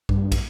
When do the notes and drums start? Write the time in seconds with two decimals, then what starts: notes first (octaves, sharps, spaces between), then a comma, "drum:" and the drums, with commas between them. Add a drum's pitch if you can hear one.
0.09 G2, drum: kick
0.32 drum: kick, cymbal